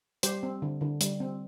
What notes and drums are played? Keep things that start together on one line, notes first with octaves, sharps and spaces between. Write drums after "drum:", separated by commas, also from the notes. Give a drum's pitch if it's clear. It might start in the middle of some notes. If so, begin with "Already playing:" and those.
G3 G4 C5, drum: hi-hat
C4
D3
D3
G3, drum: hi-hat
C4